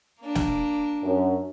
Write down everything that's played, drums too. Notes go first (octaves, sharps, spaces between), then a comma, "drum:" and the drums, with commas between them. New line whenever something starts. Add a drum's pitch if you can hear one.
A#3 D4
drum: snare
F#2